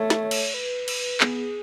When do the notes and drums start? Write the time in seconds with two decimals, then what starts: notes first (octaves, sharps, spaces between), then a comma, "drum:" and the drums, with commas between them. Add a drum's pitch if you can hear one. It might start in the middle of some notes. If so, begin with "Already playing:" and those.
Already playing: A3 C#5
0.10 drum: snare
0.31 drum: cymbal
0.54 B4
0.88 drum: cymbal
1.20 B3 G#4, drum: clap